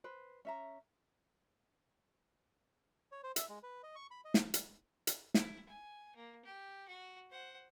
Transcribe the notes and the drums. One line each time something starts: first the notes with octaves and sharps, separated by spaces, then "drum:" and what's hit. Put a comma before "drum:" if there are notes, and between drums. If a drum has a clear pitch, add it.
B4 C5
C#4 E5 A#5
C#5
C5
E5, drum: hi-hat
G#3
B4
D#5
C#6
B5
D#5
drum: snare
drum: hi-hat
drum: hi-hat
E4, drum: snare
G#5
A#3
G4
F#4
C5 F#5